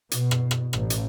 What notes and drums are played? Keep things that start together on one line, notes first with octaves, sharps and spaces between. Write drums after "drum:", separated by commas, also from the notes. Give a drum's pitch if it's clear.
B2, drum: hi-hat
drum: rim click
drum: rim click
A1, drum: rim click
drum: hi-hat